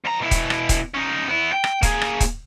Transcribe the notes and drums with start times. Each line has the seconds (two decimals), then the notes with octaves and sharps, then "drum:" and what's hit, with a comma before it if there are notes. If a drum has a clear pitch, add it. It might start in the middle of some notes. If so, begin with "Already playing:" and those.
0.05 F2 A#5
0.21 B2 E4
0.31 drum: kick D#1, hi-hat
0.50 drum: rim click
0.69 drum: kick D#1, hi-hat
0.94 C#4 D#4
1.28 B3 E4
1.53 G5
1.64 drum: rim click
1.83 A#3 G#4, drum: kick D#1, hi-hat
2.02 drum: rim click
2.20 drum: kick D#1, hi-hat